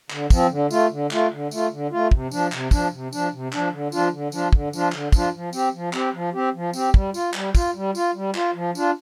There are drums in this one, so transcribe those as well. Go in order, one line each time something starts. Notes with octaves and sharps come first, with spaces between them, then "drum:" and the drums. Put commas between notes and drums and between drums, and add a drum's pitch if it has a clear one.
D3, drum: clap
F3 C4, drum: kick, tambourine
D3
A3 F4, drum: tambourine
D3
A3 F4, drum: clap
D3
A3 F4, drum: tambourine
D3
A3 F4
C3, drum: kick
F3 D4, drum: tambourine
C3, drum: clap
F3 D4, drum: kick, tambourine
C3
F3 D4, drum: tambourine
C3
F3 D4, drum: clap
D3
F3 D4 F4, drum: tambourine
D3
F3 D4 F4, drum: tambourine
D3, drum: kick
F3 D4 F4, drum: tambourine
D3, drum: clap
F3 D4 F4, drum: kick, tambourine
F3
C4 G4, drum: tambourine
F3
C4 G4, drum: clap
F3
C4 G4
F3
C4 G4, drum: tambourine
G3, drum: kick
F4, drum: tambourine
G3, drum: clap
F4, drum: kick, tambourine
G3
F4, drum: tambourine
G3
F4, drum: clap
F3
D4 F4, drum: tambourine